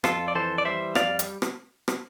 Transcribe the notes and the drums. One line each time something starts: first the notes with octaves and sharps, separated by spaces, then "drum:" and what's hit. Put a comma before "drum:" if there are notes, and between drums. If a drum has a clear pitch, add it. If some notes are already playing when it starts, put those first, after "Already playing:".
F2 F4 A4, drum: rim click
D5
E3 A4 C5
D5
G3 C5 E5
F2 D5 F5, drum: rim click
drum: hi-hat
drum: rim click
drum: rim click